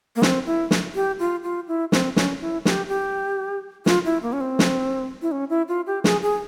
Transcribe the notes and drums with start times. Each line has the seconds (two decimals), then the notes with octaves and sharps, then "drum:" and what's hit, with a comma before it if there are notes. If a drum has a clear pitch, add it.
0.16 A#3
0.22 C4, drum: snare
0.46 E4
0.71 drum: snare
0.95 G4
1.19 F4
1.44 F4
1.68 E4
1.92 C4, drum: snare
2.16 C#4, drum: snare
2.41 E4
2.65 G4, drum: snare
2.89 G4
3.86 F4, drum: snare
4.05 E4
4.22 A#3
4.33 C#4
4.41 C4
4.59 drum: snare
5.22 E4
5.32 C#4
5.50 E4
5.68 F4
5.87 G4
6.04 G#4, drum: snare
6.23 G#4